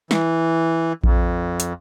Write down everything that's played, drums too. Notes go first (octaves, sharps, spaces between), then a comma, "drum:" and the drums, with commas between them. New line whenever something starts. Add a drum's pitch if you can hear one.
E3, drum: snare
F2, drum: kick A#1
drum: hi-hat